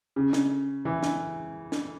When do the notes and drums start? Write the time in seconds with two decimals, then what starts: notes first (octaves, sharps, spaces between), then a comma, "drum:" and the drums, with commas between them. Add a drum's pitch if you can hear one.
0.16 C#3
0.33 drum: snare
0.85 E3
1.03 drum: snare
1.72 drum: snare